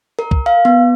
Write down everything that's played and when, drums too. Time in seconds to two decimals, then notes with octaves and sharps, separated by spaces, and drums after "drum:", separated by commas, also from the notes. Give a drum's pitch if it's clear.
0.19 A#4
0.31 drum: kick
0.46 F5
0.65 B3